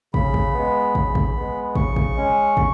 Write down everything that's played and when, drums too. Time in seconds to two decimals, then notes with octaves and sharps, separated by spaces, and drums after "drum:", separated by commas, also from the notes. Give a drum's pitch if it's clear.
0.14 C#3 B5, drum: kick
0.34 drum: kick
0.54 G#3 B3
0.95 C#3, drum: kick
1.15 drum: kick
1.35 G#3 B3
1.75 C#3 C#6, drum: kick
1.96 drum: kick
2.16 G#3 C#4
2.57 C#3, drum: kick